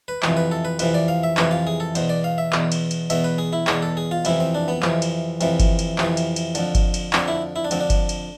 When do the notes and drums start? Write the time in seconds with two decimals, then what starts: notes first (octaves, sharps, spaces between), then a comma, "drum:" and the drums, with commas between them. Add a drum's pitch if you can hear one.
0.08 B4
0.23 F2 C3 E3, drum: clap
0.37 B4
0.51 A4
0.65 B4
0.79 F2 C3 E3 B4, drum: cymbal
0.94 D5
1.08 F5
1.23 E5
1.37 F2 C3 E3 B4, drum: clap
1.51 F4
1.67 G#4
1.80 A4
1.95 E2 B2 C5, drum: cymbal
2.09 D5
2.24 F5
2.38 E5
2.53 E2 B2, drum: clap
2.72 drum: cymbal
2.91 drum: cymbal
3.10 E2 B2 E5, drum: cymbal
3.24 B4
3.38 G#4
3.53 E4
3.67 E2 B2 G#4, drum: clap
3.82 A4
3.97 G#4
4.11 F4
4.25 F2 C3 E3 E4, drum: cymbal
4.40 C4
4.55 D4
4.68 B3
4.82 F2 C3 E3, drum: clap
5.02 drum: cymbal
5.41 F2 C3 E3, drum: cymbal
5.60 drum: kick G1, cymbal
5.79 drum: cymbal
5.98 F2 C3 E3, drum: clap
6.17 drum: cymbal
6.36 drum: cymbal
6.55 F2 D3, drum: cymbal
6.75 drum: kick G1, cymbal
6.94 drum: cymbal
7.13 F2 D3 C4, drum: clap
7.28 E4
7.56 E4
7.65 D4
7.71 F2 D3 C4, drum: cymbal
7.80 D4
7.90 drum: kick G1, cymbal
8.09 drum: cymbal